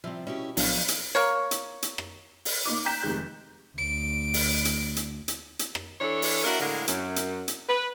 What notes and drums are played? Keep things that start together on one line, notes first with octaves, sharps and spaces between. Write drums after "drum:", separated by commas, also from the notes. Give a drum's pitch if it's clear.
C3 F3 G3 C4 E4 E6
B2 C#4 E4 G4
A#1 A2 F3 F#3 B3 C#4 D4 F5, drum: open hi-hat
drum: hi-hat
A#3 A#4 C#5
drum: hi-hat
drum: hi-hat
drum: rim click
drum: open hi-hat
A#3 D#4 D6
G5 A#5 F#6 G6 B6 E7
F1 C3 D#3 G#3 G6
D2 D7
drum: open hi-hat
drum: hi-hat
drum: hi-hat
drum: hi-hat
drum: hi-hat
drum: rim click
E3 D4 A4 C#5
drum: open hi-hat
A#3 D4 E4 F#4 A#4
A2 D3 G#3 A#3
F#2, drum: hi-hat
drum: hi-hat
drum: hi-hat
B4